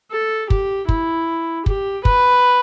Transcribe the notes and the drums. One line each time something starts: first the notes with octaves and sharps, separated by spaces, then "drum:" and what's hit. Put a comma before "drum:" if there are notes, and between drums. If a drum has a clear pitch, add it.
A4
G4, drum: kick
E4, drum: kick
G4, drum: kick
B4, drum: kick